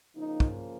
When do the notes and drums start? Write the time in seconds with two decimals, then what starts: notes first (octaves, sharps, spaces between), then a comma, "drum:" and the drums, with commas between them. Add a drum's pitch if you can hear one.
0.16 C#3 F3 A#3 D#4
0.40 drum: kick